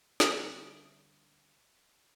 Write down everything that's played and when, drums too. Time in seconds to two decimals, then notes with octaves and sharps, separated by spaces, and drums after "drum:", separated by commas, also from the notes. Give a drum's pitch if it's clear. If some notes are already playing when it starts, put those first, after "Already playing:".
0.20 D3 G3 C4, drum: snare